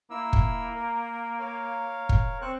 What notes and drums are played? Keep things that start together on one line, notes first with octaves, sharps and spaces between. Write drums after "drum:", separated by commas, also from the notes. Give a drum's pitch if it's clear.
A#3 E4 E6
drum: kick
A#4
A#4 C#5 F5
drum: kick
C4 C#6 F#6